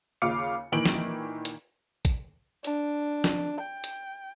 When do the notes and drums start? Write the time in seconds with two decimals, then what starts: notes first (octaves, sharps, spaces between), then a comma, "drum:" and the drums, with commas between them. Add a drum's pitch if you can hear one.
0.22 D#2 C#3 F4 F5 D6 C#7
0.72 A#2 D#3 E3 D7 F#7
0.86 drum: snare
1.45 drum: hi-hat
2.05 drum: kick, hi-hat
2.64 D4, drum: hi-hat
3.24 drum: snare
3.61 G5
3.84 drum: hi-hat